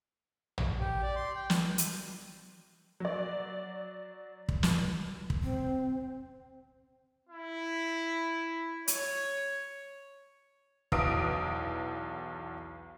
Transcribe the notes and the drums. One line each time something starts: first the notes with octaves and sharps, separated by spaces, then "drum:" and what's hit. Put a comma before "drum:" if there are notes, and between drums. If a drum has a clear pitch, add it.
drum: tom
G4
D5
C6
G5
drum: snare
drum: hi-hat
F#3 D5
drum: kick
drum: snare
drum: kick
C4
E4
C#5, drum: hi-hat
B1 E2 D#6 D7, drum: kick